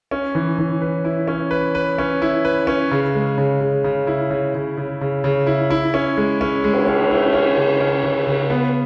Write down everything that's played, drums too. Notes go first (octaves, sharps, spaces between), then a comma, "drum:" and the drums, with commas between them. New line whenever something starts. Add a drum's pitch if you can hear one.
C#4
E3
E3
B4
E4
C#4
B4
B4
C#4
E4
B4
C#4
C#3
G#3
C#3
C#3
C#3
E4
C#3
C#3
C#3
C#3
C#3
E4
E4
C#4
G#3
C#4
G#3
drum: cymbal
C#4
E4
C#4
C#3
C#4
C#3
C#3
B3